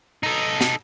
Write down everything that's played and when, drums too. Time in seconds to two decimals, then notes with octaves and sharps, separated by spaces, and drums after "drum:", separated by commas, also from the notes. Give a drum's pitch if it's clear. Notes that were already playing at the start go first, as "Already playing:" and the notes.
0.23 D#4 A4
0.61 drum: snare